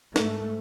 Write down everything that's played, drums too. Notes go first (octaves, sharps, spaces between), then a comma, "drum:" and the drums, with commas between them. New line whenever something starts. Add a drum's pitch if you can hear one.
G#2 A3, drum: snare